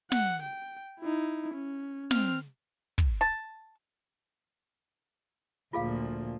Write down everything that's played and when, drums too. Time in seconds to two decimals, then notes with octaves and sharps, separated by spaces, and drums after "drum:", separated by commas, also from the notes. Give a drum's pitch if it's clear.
0.12 F#5, drum: snare
0.42 G5
1.00 D#4 E4
1.54 C#4
2.11 C4 F6, drum: snare
2.98 drum: kick
3.21 A5
5.73 D2 A#2 F3 F4 G#4 F5